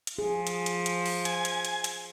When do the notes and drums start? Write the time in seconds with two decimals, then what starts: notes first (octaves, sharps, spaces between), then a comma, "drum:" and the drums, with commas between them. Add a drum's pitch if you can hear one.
0.07 drum: hi-hat
0.18 F3 G#4
0.47 drum: hi-hat
0.66 drum: hi-hat
0.86 drum: hi-hat
1.06 drum: open hi-hat
1.25 G#5, drum: hi-hat
1.45 drum: hi-hat
1.65 drum: hi-hat
1.84 drum: hi-hat